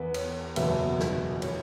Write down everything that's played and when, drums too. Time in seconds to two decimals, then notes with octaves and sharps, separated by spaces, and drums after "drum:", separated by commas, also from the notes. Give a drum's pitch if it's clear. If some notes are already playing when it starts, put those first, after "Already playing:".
Already playing: E2 E3 B3 B4
0.14 C#5, drum: cymbal
0.56 F#1 E2 B2 F#3 B3 E5, drum: cymbal
1.00 drum: snare
1.42 E3 C#5, drum: cymbal